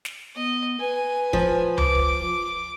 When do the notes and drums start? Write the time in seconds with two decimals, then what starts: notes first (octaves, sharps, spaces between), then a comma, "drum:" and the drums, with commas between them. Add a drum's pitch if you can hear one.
0.05 drum: snare
0.36 B3 D#5
0.80 B4 G#5
1.33 F3, drum: kick
1.78 D6, drum: tom C#2
1.95 drum: kick